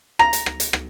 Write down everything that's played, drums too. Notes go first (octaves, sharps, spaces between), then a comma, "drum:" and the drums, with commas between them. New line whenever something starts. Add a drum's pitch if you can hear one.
A#5, drum: rim click
drum: hi-hat
drum: rim click
drum: hi-hat
drum: rim click